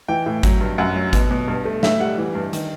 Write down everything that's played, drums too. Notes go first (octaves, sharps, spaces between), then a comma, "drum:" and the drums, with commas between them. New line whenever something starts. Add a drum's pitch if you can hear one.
E3 G5
A2
F#3, drum: kick G#1, hi-hat
G2
F#2 F#5
F#3
B2, drum: kick G#1, hi-hat
B2
G2
A3
A2 E5, drum: snare
G3 F#5
E3
G2
D#3, drum: hi-hat